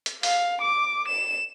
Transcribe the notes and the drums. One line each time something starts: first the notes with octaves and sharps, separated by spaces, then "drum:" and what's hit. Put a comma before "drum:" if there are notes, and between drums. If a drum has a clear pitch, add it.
drum: hi-hat
F5, drum: open hi-hat
D6
E7